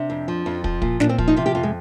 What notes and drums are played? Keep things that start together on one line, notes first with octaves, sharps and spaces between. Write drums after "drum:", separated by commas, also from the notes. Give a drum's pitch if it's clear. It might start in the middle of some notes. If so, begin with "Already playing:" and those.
Already playing: C3 D4
F2
F3
F2
F3, drum: kick
A#2, drum: kick
A#2 D4, drum: snare
C4
F3, drum: kick
D#4
C3 F4
G4
F2 F4
G#3